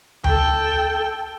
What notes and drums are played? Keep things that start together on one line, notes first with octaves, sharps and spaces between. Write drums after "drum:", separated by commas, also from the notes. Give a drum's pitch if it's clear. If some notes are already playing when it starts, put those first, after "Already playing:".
A4 G5, drum: tom D2